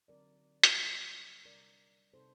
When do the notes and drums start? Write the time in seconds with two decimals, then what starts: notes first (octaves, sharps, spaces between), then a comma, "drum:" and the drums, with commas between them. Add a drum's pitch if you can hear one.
0.08 D3 F#3 C4 D#4 A#4 D5
0.64 drum: hi-hat
0.77 D#3 G3 A#3 D4
1.45 C3 G3 D4 A#4 D5
2.13 C3 G3 C4 D#4 A4 C5